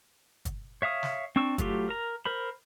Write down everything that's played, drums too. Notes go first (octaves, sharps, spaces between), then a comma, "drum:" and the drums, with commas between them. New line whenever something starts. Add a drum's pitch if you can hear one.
drum: kick, hi-hat
C#5 E5 F5 D#6
drum: snare
C4 D4 C#6 E6
F#3 A3 F4 G4, drum: kick, hi-hat
A#4 A#5
A#4 C5 B5